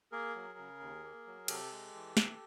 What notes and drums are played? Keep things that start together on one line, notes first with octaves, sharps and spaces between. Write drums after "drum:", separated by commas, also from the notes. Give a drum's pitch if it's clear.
A#3 G#4 A#4
F#3
C#3
D#2
A#3
F#3
C3 G4 A4, drum: cymbal
G#3
E3
C3, drum: snare